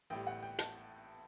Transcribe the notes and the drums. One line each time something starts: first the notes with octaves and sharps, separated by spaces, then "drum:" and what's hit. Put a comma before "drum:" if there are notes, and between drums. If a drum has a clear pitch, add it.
A1 A2 G3 G5
F#5
G5
A5, drum: hi-hat